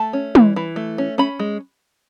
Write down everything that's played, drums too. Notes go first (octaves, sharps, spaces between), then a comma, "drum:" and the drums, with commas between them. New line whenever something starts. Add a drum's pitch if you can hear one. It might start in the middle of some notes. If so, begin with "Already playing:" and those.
Already playing: A3 A5
C#4
E3, drum: tom
E3
A3
C#4
C#4 B5
G#3